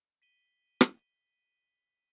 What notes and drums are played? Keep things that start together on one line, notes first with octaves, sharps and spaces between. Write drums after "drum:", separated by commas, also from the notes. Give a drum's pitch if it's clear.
B6 D#7 G7
drum: rim click